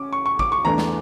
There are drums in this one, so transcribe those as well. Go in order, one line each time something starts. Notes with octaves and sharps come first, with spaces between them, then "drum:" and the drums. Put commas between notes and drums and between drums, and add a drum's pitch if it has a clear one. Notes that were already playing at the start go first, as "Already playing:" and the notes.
Already playing: C#4 D6
C#6
C#6
D6, drum: kick
C#6
E2 E3 A3 D4 A#5
drum: snare